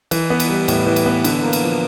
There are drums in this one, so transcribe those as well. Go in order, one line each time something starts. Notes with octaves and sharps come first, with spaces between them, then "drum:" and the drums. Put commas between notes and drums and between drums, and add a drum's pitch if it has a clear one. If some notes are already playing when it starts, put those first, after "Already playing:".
E3, drum: cymbal
B3
drum: cymbal
G3
A2, drum: cymbal
E3
drum: cymbal
B3
D3, drum: cymbal
A#3
drum: cymbal
F3